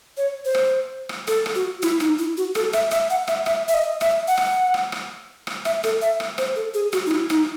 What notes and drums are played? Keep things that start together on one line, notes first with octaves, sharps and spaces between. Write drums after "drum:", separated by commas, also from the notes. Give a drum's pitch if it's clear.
C#5
C5
drum: rim click
drum: rim click
A4, drum: rim click
drum: rim click
F#4
E4, drum: rim click
D#4, drum: rim click
E4
F#4
A4, drum: rim click
E5, drum: rim click
E5, drum: rim click
F#5
E5, drum: rim click
E5, drum: rim click
E5
D#5
E5, drum: rim click
F#5
drum: rim click
drum: rim click
drum: rim click
drum: rim click
E5, drum: rim click
A4, drum: rim click
E5
drum: rim click
C5, drum: rim click
A4
G#4
F#4, drum: rim click
D#4
E4, drum: rim click
D#4, drum: rim click